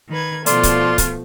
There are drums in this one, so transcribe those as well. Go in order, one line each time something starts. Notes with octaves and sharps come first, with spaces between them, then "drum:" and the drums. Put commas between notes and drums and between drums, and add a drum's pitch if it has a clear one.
D#3 B4 G#6
B2 F3 A3 F4 D5 C6, drum: hi-hat
drum: kick C#1, hi-hat
drum: kick C#1, hi-hat